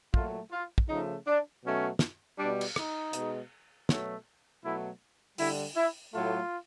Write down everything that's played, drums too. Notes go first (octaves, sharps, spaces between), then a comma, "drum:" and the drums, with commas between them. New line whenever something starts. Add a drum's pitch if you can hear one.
A#2 F#3 A3 F4, drum: kick
F4
drum: kick
C#3 F3 A3 D#4
D4
B2 F#3 A3 C#4
drum: snare
G3 D4
B2
drum: cymbal
D#4, drum: rim click
B2 G#3, drum: hi-hat
B2 F#3 A3, drum: snare
B2 F#3 A3 E4
D3 G3 E4, drum: open hi-hat
E4
A2 F#3 A3 F4